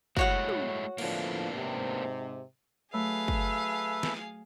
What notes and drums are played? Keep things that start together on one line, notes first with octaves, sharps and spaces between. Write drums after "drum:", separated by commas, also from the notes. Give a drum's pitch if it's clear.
G#3 A3 E4 F#4 C#5 F#5, drum: kick
drum: tom
A2 D3 F3 A#3 B3 D4, drum: cymbal
G#2 C3
F#3 A3 G#4 A4 B4 E5 F5 F#6
drum: kick
drum: snare